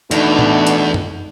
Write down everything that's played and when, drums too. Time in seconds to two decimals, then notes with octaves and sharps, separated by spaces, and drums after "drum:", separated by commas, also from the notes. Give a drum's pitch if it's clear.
0.11 E2 B2 A3 D4 D#4, drum: hi-hat
0.39 drum: tom A2
0.67 drum: hi-hat
0.94 drum: tom F#2